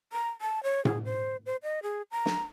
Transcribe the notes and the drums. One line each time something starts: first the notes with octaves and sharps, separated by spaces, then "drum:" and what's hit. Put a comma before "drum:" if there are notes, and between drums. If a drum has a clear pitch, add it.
A#5
A5
C#5
G#4, drum: tom A2
C5
C5
D#5
G#4
A#5
drum: snare